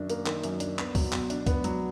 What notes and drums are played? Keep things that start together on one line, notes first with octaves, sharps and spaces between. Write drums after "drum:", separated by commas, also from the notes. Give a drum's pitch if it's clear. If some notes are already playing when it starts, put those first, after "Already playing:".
Already playing: F#2 D#3 D4
A#3, drum: hi-hat
D#3, drum: clap
F#2, drum: hi-hat
D4, drum: hi-hat
B3, drum: clap
F#3, drum: kick C#2, open hi-hat
B2, drum: clap
D4, drum: hi-hat
B3, drum: kick C#2, hi-hat
F#3, drum: hi-hat